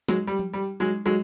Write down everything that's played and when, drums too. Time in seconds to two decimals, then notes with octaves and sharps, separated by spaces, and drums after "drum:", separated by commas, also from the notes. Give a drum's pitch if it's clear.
0.09 F#3 G#3, drum: snare
0.27 G3
0.39 drum: tom F3
0.53 G3
0.80 F#3 G#3
1.06 F#3 G#3